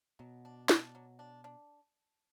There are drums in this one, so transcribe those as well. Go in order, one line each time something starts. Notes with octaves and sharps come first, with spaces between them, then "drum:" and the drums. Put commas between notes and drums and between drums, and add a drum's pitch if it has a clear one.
B2 F#3
D4
D4, drum: snare
F#3
D4
D4